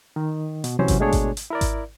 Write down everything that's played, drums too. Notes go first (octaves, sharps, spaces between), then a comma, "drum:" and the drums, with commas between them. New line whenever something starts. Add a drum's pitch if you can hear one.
D#3
B2, drum: hi-hat
C2 C3 E3 F#3 C#4 C5
drum: kick G#1, hi-hat
B2 G#3 A3 D4 G#4 C#5
drum: kick G#1, hi-hat
drum: hi-hat
E4 A#4 D5
drum: kick G#1, hi-hat